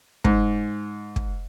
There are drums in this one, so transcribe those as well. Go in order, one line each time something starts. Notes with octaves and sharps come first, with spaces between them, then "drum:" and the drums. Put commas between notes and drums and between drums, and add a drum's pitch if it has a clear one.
G#2, drum: kick
drum: kick